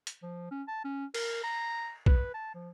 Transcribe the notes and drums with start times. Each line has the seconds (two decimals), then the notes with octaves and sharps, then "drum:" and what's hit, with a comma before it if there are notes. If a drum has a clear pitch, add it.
0.07 drum: hi-hat
0.23 F3
0.51 C#4
0.68 A5
0.84 C#4
1.14 A#4, drum: cymbal
1.44 A#5
2.06 B4, drum: kick B1
2.34 A5
2.54 F3